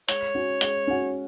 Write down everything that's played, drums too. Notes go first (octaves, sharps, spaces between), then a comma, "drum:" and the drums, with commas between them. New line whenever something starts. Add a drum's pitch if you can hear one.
G#3 C#5, drum: hi-hat
C#4 F#4
G#3, drum: hi-hat
C#4 F#4